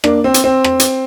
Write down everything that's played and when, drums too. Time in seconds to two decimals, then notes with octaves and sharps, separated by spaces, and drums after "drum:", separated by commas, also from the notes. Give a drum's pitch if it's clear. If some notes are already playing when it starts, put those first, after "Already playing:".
0.04 A#3 D4, drum: rim click
0.24 C4
0.34 drum: hi-hat
0.44 C4
0.64 drum: rim click
0.80 drum: hi-hat